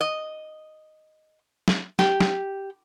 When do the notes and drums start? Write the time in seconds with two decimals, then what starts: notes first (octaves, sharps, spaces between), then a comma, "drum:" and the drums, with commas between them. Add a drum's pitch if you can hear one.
0.01 D#5
1.68 drum: snare
1.99 G4, drum: snare
2.20 drum: snare